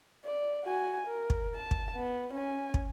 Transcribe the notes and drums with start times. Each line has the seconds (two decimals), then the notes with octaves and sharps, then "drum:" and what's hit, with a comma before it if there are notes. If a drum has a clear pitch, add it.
0.25 D5
0.64 F#4 G#5
1.07 A#4
1.30 drum: kick
1.55 A5
1.71 drum: kick
1.96 B3
2.33 C#4 G#5
2.74 drum: kick